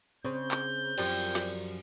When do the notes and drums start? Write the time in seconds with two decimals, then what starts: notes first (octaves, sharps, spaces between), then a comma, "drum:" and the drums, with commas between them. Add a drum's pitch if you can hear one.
0.24 C#3 C4 C5 G6
0.51 drum: clap
0.98 F#2 F3 G3, drum: cymbal
1.35 drum: snare